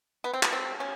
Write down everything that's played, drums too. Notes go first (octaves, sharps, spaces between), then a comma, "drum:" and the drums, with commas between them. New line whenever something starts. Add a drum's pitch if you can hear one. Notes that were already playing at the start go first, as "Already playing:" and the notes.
B3
C4
B3, drum: clap
C4
C#4